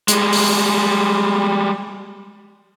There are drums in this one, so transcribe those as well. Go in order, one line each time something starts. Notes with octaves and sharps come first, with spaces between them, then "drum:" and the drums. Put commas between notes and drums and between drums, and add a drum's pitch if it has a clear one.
G3 G#3, drum: hi-hat
drum: open hi-hat